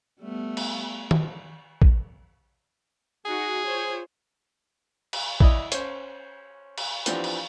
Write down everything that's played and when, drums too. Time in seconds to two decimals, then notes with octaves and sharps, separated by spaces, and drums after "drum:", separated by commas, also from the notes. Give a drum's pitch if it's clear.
0.21 G3 A3 B3
0.57 drum: cymbal
1.11 drum: tom
1.82 drum: kick
3.25 D#4 F#4 G#4
3.65 F4 C5 C#5
5.13 drum: cymbal
5.40 E4 D5 D#5, drum: kick
5.72 C#4 C5, drum: hi-hat
6.78 drum: cymbal
7.06 E3 F3 B3 C4 D4 G4, drum: hi-hat
7.24 drum: cymbal